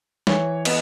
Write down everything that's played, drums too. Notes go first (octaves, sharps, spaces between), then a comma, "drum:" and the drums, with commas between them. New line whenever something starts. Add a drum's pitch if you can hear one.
E3 C#5, drum: snare
B3 D#5, drum: cymbal